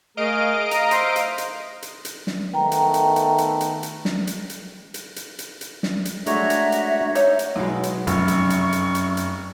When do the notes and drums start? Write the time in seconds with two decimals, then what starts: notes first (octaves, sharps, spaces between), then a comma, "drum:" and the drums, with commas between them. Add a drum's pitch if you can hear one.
0.17 A3 G#4 A#4 D#5 F5 D7
0.71 A#5, drum: hi-hat
0.91 C5 E5 C6, drum: hi-hat
1.16 drum: hi-hat
1.38 drum: hi-hat
1.82 drum: hi-hat
2.05 drum: hi-hat
2.27 drum: snare
2.54 D#3 A3 B3 G5 A#5
2.71 drum: hi-hat
2.94 drum: hi-hat
3.16 drum: hi-hat
3.38 drum: hi-hat
3.61 drum: hi-hat
3.83 drum: hi-hat
4.05 drum: snare
4.27 drum: hi-hat
4.50 drum: hi-hat
4.94 drum: hi-hat
5.16 drum: hi-hat
5.39 drum: hi-hat
5.61 drum: hi-hat
5.83 drum: snare
6.05 drum: hi-hat
6.26 G#3 A3 D4 F#4 C#5 E5 A#5, drum: hi-hat
6.50 drum: hi-hat
6.72 drum: hi-hat
7.15 D#4 C#5 E5, drum: hi-hat
7.39 drum: hi-hat
7.56 B1 B2 G#3
7.83 drum: hi-hat
8.07 F1 F#2 C#6, drum: hi-hat
8.28 drum: hi-hat
8.50 drum: hi-hat
8.72 drum: hi-hat
8.95 drum: hi-hat
9.17 drum: hi-hat